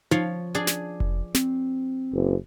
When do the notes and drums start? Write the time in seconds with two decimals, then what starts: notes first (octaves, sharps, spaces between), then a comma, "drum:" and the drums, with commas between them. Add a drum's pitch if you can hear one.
0.11 F3 C#5 F5, drum: tom D#4
0.55 D4 G#4
0.67 drum: snare
1.00 drum: kick F1
1.35 C4, drum: snare
2.13 F#1